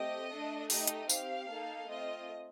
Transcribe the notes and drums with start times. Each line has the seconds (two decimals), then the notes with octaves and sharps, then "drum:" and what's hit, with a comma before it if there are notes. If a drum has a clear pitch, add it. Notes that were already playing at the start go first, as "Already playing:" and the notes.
Already playing: A3 C4 G4 D#5
0.30 A3 D4 A4
0.70 A3 D#4 G4 D#5, drum: open hi-hat
0.87 drum: hi-hat
1.09 C4 G4 F5, drum: tambourine
1.49 A#3 D#4 A4
1.88 A3 C4 F4 D#5